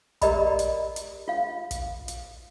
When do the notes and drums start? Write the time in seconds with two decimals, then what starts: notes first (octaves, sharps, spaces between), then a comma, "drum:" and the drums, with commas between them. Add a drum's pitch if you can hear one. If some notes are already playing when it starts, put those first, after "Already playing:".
0.22 G4 A#4 D5 D#5 A#5 B5, drum: kick, hi-hat
0.59 drum: hi-hat
0.96 drum: hi-hat
1.28 F4 F5
1.71 drum: kick, hi-hat
2.08 drum: hi-hat